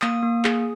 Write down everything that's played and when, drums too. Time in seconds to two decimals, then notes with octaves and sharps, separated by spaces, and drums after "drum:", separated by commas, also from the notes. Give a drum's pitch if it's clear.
0.02 A#3 D#6, drum: clap
0.23 A#3
0.44 G#4, drum: clap